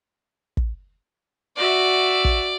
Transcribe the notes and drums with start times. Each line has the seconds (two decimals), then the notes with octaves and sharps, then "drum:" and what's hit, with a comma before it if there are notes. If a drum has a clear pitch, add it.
0.57 drum: kick
1.57 F#4 D5 E5
2.25 drum: kick